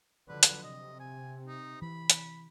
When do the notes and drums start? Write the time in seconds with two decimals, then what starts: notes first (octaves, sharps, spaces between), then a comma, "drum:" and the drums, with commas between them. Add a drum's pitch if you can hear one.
0.28 D3 F3 F#3 B4
0.43 drum: hi-hat
0.63 C3 D#5
1.00 G#5
1.45 D#4
1.82 E3 B5
2.10 drum: hi-hat